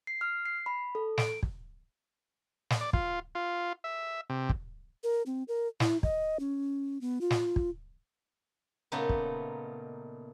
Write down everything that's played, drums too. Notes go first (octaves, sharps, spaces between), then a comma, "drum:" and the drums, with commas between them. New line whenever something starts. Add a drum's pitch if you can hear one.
C7
F6
C7
B5
A4
D7, drum: snare
drum: kick
drum: snare
D5
F4, drum: kick
F4
E5
C3
drum: kick
A#4
C4
A#4
E4, drum: snare
D#5, drum: kick
C#4
B3
F4
drum: snare
drum: kick
A#2 C#3 A3 B3 D#4
drum: kick